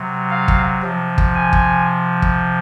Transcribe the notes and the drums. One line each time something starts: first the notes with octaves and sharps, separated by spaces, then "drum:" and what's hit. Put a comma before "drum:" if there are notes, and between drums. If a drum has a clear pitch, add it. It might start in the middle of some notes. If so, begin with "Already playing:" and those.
Already playing: C3 F#3
F5
drum: kick
C3 F3
drum: kick
G#5
drum: kick
drum: kick